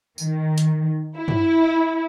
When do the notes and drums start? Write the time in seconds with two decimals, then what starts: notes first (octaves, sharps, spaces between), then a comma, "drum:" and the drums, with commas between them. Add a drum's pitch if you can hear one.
0.18 D#3, drum: tambourine
0.58 drum: hi-hat
1.17 E4
1.28 drum: tom